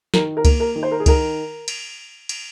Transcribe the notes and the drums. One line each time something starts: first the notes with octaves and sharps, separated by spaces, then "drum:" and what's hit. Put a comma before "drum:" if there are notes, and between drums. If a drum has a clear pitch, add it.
D#3 A#4, drum: snare
A#4
A#3, drum: kick C#2, cymbal
A#4
D#3
C5
A#4
G#4
D#3 A#4, drum: kick C#2, cymbal
drum: cymbal
drum: cymbal